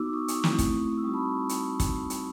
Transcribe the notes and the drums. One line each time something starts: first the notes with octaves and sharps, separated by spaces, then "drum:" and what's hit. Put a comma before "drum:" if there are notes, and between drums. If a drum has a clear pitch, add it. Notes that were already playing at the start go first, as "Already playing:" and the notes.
Already playing: B3 D#4 F#4 D6 E6
C#6 D#6
drum: hi-hat
A3 C4 E4, drum: snare
drum: kick, hi-hat
E6
G3 C4 D#4 F#4 C#6 D#6
A5 B5
drum: hi-hat
drum: kick, hi-hat
drum: hi-hat